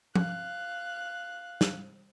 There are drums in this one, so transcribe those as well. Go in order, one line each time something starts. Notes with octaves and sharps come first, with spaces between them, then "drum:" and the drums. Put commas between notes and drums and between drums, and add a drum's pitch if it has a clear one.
F5 F#6, drum: tom F3
drum: snare